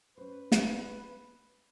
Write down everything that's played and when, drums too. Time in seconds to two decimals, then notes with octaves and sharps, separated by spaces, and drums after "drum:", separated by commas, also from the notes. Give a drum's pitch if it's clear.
0.18 C#4 B4 C5
0.52 drum: snare